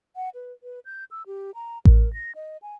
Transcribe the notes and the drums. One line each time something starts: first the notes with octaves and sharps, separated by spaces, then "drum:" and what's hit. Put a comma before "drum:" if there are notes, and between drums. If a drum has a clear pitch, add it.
F#5
B4
B4
G6
E6
G4
A#5
A#4, drum: kick A1
A#6
D#5
G#5